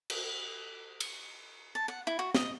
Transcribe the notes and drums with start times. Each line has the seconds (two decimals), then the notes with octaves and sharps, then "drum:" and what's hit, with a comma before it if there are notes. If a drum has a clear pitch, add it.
0.10 drum: cymbal
1.00 drum: cymbal
1.75 A5
1.88 F#5
2.07 E4
2.19 F#4
2.35 D#5, drum: snare